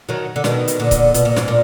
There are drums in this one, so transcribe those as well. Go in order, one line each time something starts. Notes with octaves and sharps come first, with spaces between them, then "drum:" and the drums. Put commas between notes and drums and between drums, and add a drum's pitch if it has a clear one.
D#3 F#3
D3
B2 D#3, drum: snare
drum: hi-hat
A#2 D3
drum: kick C#1, hi-hat
B2, drum: hi-hat
A#2
G#2, drum: snare
A#2